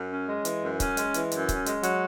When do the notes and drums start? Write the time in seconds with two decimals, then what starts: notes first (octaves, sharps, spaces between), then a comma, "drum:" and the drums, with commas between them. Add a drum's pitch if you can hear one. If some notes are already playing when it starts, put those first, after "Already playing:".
Already playing: F#2
0.10 C#4
0.27 G#3
0.45 E3, drum: hi-hat
0.62 F#2
0.80 C#4, drum: kick C#1, hi-hat
0.97 G#3, drum: hi-hat
1.14 E3, drum: hi-hat
1.31 F#2, drum: hi-hat
1.49 C#4, drum: kick C#1, hi-hat
1.66 G#3, drum: hi-hat
1.83 F#3, drum: hi-hat